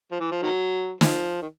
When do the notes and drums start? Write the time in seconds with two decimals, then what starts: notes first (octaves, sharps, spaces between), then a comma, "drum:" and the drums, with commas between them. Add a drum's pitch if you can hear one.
0.11 F3
0.20 E3
0.31 F3
0.43 D#3 F#3
1.01 F3, drum: snare
1.42 D#3